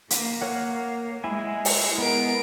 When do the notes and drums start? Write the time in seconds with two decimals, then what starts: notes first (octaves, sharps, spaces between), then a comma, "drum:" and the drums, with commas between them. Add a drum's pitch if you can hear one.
0.10 A#3, drum: hi-hat
0.42 A#4 C#5 F#5
1.24 G#3 E4 G#5
1.65 drum: open hi-hat
1.98 B3 A#4 D7